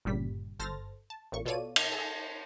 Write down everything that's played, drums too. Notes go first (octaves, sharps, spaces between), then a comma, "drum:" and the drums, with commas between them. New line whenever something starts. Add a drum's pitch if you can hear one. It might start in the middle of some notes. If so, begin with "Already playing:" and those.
G1 A#2 C#3 G3 B6
G1 A4 C5 F6 A6 A#6
A5
A1 A#2 C#6
B2 F4 A4 C#5 D5 D#7
drum: cymbal
G#4 A4